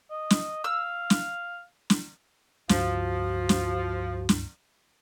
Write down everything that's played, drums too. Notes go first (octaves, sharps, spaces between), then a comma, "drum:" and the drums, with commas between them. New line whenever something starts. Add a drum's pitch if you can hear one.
D#5
drum: snare
F5 E6
drum: snare
drum: snare
C#2 G2 F3 F#4, drum: snare
drum: snare
drum: snare